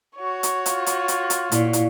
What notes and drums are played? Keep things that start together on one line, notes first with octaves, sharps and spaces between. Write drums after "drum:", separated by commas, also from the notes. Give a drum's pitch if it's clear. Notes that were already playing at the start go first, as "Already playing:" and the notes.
F#4 C#5
drum: hi-hat
F4, drum: hi-hat
drum: hi-hat
drum: hi-hat
drum: hi-hat
A#2 E4 D5 F5, drum: hi-hat
drum: hi-hat